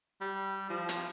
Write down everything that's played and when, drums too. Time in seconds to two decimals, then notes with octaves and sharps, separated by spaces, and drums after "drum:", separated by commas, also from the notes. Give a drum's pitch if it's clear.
0.21 G3
0.70 F3
0.89 drum: hi-hat